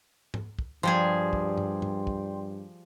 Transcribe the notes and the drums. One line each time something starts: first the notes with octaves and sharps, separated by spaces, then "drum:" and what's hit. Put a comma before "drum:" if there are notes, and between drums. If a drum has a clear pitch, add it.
drum: tom G#2
drum: kick
G2 F3 G3 G#4 D5 G5 C6
drum: kick
drum: tom G2
drum: tom G2
drum: kick